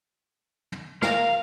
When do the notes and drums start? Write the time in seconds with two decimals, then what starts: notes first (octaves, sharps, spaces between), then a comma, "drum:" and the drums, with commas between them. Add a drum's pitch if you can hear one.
0.72 drum: tom
1.02 A#4 F5, drum: snare